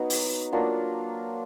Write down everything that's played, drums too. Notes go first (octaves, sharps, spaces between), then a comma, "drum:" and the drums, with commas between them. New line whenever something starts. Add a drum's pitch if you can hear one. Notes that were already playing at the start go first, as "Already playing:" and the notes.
Already playing: F#3 B3 D#4
drum: open hi-hat
F#3 A#3 D4 F4